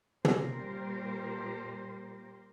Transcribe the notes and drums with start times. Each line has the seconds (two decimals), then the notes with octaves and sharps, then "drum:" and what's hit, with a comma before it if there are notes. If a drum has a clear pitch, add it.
0.25 A#2 G3 A#3 G4 A#4 C5, drum: tom